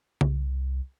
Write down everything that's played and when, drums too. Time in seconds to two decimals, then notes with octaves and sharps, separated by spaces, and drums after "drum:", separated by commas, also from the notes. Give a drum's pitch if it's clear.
0.21 C2, drum: tom C#3